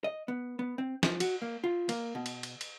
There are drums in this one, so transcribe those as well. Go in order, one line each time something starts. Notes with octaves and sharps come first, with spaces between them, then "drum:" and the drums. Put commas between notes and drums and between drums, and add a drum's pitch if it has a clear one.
D#5
B3
B3
C4
F3, drum: snare
F#4, drum: cymbal
A#3
F4
A#3, drum: cymbal
B2
drum: cymbal
drum: cymbal
drum: cymbal